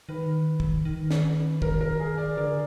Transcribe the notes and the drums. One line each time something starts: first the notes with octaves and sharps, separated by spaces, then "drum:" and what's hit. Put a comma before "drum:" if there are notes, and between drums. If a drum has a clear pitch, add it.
D#3 B4
drum: kick
D#3
drum: snare
A#4, drum: kick
A#4
G#4
D5
D3 A#4